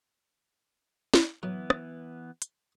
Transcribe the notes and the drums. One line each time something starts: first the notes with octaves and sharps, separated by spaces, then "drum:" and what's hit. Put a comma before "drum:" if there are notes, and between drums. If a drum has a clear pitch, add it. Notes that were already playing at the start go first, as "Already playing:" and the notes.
drum: snare
E3 F#3 B3
drum: rim click
drum: hi-hat